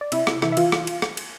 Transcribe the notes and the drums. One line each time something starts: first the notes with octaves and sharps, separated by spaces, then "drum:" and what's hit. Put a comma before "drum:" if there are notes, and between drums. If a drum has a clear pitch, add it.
D5
C3 E4 E5, drum: cymbal
C3, drum: rim click
E3 E4 E5, drum: rim click
E5
E3 F4 F5, drum: cymbal
drum: rim click
drum: cymbal
drum: rim click
drum: cymbal